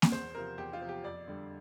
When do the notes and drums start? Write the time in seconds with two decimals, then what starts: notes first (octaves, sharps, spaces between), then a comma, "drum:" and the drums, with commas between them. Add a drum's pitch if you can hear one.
0.02 drum: snare A#3
0.12 E2 C5
0.35 C3 F3 A#4
0.58 E2 G4
0.73 F4
0.81 C3 F3
0.89 G4
1.03 F2 D5
1.28 D3 G3